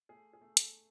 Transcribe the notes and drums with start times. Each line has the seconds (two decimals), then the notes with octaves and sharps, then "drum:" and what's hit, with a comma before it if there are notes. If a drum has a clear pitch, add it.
0.09 A3 G#4
0.33 G#4
0.41 A3
0.57 A4, drum: hi-hat